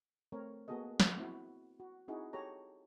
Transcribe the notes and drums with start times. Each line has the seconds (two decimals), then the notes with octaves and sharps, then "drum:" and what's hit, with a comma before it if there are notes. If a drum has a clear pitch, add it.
0.32 A3 C4 A#4 C#5
0.68 A#3 B3 F#4 G#4 A4 D#5
1.00 drum: snare
1.18 C4 E4 F#4
1.80 F#4
2.08 C4 D#4 E4 F#4 G#4
2.33 G4 A4 C#5 A#5